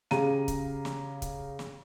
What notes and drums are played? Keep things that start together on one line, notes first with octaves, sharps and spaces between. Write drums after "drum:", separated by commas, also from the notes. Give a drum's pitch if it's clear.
C#3 G4 G#4 F5 A#5 D#7, drum: snare
drum: kick C#1, hi-hat
drum: snare
drum: kick C#1, hi-hat
drum: snare